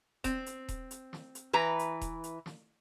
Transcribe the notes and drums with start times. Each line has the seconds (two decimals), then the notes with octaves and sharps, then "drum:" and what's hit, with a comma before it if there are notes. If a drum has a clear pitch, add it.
0.24 C4, drum: kick D#1, hi-hat
0.46 drum: hi-hat
0.68 drum: kick D#1, hi-hat
0.91 drum: hi-hat
1.13 drum: snare
1.35 drum: hi-hat
1.53 E3 B4 A#5
1.79 drum: hi-hat
2.01 drum: kick D#1, hi-hat
2.24 drum: hi-hat
2.46 drum: snare